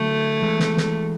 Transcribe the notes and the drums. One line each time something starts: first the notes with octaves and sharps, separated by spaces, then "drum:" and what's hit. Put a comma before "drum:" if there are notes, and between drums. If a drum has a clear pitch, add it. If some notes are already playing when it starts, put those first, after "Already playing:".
Already playing: D3 F#3 A3
E3 G#3
drum: snare
drum: snare